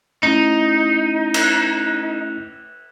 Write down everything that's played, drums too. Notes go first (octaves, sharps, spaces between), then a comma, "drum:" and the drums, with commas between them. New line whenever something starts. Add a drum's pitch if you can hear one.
A3 C#4 D#4 E4
drum: cymbal